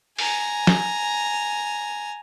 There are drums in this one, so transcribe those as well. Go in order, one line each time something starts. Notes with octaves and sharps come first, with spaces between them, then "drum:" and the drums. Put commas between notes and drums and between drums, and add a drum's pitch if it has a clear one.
G#5 A#5, drum: open hi-hat
drum: snare